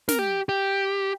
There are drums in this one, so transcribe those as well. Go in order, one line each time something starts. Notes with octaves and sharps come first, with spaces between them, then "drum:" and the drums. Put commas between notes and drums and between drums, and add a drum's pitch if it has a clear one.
A#4, drum: snare
G4
G4